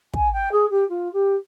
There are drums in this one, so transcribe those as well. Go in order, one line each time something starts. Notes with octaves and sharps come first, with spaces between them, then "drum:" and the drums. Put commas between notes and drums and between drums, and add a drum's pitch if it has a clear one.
G#5, drum: kick
G5
G#4
G4
F4
G4